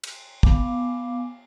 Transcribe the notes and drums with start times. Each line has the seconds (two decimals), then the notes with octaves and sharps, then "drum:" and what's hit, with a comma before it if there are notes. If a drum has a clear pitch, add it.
0.04 drum: cymbal
0.43 B3 F5 G#5 D6, drum: kick